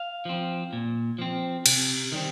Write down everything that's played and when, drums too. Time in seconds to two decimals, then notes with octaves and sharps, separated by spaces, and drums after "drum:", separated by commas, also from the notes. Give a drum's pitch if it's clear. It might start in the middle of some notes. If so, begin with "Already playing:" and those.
Already playing: F5
0.25 F3 C4
0.73 A#2
1.18 F3 C4
1.66 C3, drum: cymbal
2.12 D#3 G3 C4